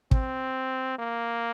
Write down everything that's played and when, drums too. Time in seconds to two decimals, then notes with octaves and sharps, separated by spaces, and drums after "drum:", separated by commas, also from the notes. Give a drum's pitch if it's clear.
0.11 C4, drum: kick
0.99 A#3